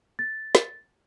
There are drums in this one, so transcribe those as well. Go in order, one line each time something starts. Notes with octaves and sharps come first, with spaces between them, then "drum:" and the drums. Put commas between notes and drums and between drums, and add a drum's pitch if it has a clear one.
A6
drum: snare